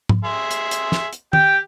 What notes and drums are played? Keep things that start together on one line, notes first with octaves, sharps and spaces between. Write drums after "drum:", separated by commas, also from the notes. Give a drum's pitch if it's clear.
drum: tom G#2
G#4 E5 C6
drum: hi-hat
drum: hi-hat
drum: snare
drum: hi-hat
G4 G5, drum: tom D#3